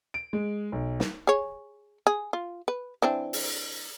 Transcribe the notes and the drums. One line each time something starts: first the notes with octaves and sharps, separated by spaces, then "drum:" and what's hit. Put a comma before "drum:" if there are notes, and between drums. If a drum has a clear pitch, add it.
D7
G#3
B1
drum: snare
G#4 C#5
G#4
F4
B4
E3 C4 D4
drum: open hi-hat